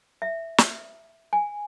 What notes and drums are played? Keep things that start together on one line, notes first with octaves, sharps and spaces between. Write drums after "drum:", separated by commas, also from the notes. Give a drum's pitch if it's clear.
E5
drum: snare
G#5